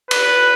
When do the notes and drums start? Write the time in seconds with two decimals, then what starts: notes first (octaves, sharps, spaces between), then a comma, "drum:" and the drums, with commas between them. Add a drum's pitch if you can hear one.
0.11 B4, drum: cymbal